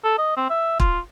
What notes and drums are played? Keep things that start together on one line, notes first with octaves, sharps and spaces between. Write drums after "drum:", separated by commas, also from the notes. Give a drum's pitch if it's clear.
A4
D#5
C4
E5
F4, drum: kick